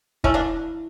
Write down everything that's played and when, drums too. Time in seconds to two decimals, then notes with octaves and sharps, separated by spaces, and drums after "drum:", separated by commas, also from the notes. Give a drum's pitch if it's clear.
0.24 A3 C#4 E4, drum: kick
0.34 A#3 D4